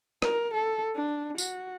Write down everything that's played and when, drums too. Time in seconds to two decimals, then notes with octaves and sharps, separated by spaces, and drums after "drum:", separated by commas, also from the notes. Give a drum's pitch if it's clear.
0.22 A#4, drum: rim click
0.55 A4
0.95 D4
1.38 F#4, drum: tambourine